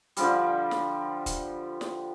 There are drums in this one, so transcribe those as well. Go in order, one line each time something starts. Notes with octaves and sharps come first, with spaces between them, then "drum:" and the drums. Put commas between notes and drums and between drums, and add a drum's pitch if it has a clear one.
D3 F3 G3, drum: hi-hat
drum: snare
drum: kick, hi-hat
drum: snare